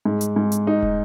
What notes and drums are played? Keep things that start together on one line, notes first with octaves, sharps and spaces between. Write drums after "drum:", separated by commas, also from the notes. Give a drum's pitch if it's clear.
G#2
drum: hi-hat
G#2
drum: hi-hat
D#4
drum: kick